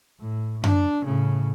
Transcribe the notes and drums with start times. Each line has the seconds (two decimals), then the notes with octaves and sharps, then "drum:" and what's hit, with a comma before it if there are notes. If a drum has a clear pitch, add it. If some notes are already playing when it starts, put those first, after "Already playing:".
0.19 A2
0.64 D4, drum: tom F#2
1.04 A2 C#3